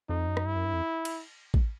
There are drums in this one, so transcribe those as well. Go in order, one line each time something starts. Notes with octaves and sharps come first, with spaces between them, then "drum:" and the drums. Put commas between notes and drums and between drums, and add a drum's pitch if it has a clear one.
F2 D#4
F#2
drum: rim click
G2 E4
F#2
G2
F2
drum: cymbal
drum: kick A1